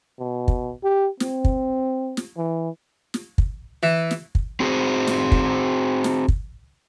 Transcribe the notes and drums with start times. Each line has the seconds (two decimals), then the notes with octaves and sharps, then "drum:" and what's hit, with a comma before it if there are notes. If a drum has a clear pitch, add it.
0.19 B2
0.48 drum: kick
0.84 G4
1.20 C4, drum: snare
1.45 drum: kick
2.17 drum: snare
2.37 E3
3.14 drum: snare
3.38 drum: kick
3.83 E3
4.11 drum: snare
4.35 drum: kick
4.60 C4 F#4 G#4 C5
5.07 drum: snare
5.32 drum: kick
6.04 drum: snare
6.28 drum: kick